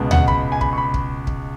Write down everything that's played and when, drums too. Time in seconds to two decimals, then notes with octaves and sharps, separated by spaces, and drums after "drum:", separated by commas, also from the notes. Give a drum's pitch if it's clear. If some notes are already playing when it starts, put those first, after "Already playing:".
Already playing: C#2 B2 G#3 B3
0.11 F#5, drum: tom D2
0.28 B5, drum: kick
0.52 G#5
0.61 B5, drum: kick
0.73 C#6
0.78 B5
0.94 drum: kick
1.27 drum: kick